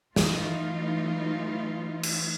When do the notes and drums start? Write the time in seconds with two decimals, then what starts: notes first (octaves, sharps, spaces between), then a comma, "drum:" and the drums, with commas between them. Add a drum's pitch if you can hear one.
0.16 E3 F#3 A3 D#4 F4, drum: snare
2.03 drum: cymbal